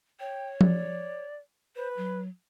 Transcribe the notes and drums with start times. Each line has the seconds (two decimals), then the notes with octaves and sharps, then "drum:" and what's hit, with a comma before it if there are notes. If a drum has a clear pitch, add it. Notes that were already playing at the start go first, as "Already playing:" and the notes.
0.20 C#5 G5
0.61 D5, drum: tom F3
1.76 B4 C5
1.97 F#3